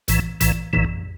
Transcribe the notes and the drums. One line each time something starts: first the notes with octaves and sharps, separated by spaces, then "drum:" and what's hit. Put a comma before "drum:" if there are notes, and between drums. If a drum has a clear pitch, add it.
A#1 A2 E3, drum: hi-hat
A#1 A2 E3, drum: hi-hat
A#1 A2 E3, drum: tom